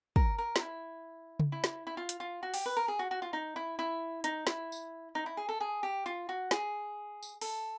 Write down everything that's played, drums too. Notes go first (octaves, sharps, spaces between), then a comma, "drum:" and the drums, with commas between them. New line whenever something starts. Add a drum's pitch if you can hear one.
A#4, drum: kick
A#4
D#4, drum: snare
E4
drum: tom C#3
E4
drum: snare
E4
F4
drum: hi-hat
F4
F#4
G4, drum: open hi-hat
B4
A#4
G#4
F#4
F#4
F4
D#4
E4
E4
D#4, drum: hi-hat
E4, drum: snare
drum: tambourine
D#4
E4
G#4
A4
G#4
G4
F4
F#4
G#4, drum: snare
drum: tambourine
A4, drum: open hi-hat